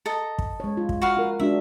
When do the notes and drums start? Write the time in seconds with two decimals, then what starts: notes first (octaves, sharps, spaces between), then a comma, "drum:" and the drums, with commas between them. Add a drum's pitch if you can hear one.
0.06 A4 D#5 A#5
0.39 drum: kick
0.60 G#3 C#5
0.77 F4
0.89 drum: kick
1.02 F#4 B4 F5
1.17 F4 A#4
1.39 G#3 D4 F#4 E5